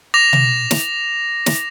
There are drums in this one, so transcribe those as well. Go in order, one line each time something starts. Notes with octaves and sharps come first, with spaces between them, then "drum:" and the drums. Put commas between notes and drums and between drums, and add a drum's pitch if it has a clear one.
D6 A#6 F7
drum: tom B2
drum: snare
drum: snare